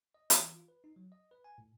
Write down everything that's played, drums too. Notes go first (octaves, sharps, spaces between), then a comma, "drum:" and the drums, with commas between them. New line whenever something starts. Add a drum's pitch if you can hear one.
D#5
E3, drum: hi-hat
F4
B4
D#4
F#3
D#5
B4
G#5
A2